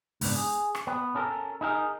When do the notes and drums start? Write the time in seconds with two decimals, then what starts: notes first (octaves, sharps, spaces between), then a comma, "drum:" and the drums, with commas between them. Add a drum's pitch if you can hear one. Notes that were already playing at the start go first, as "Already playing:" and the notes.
0.21 C#2 G#2 B3 D4, drum: open hi-hat
0.35 G#4
0.75 drum: rim click
0.87 B3
1.15 C#4 A4 A#4
1.61 D#4 G#4 A#4